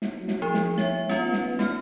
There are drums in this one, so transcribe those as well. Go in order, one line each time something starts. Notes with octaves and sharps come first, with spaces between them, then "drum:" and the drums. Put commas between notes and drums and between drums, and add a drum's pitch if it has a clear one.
drum: snare
F#3
drum: snare
F3 G#4
drum: snare
C#5 E5, drum: snare
B3 C#4 F4, drum: snare
drum: snare
A3 F4 F6, drum: snare